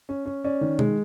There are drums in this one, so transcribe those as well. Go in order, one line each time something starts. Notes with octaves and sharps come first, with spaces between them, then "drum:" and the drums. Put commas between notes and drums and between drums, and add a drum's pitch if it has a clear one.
C#4
C#4
C#4 D5
D#3
G#3, drum: tom B2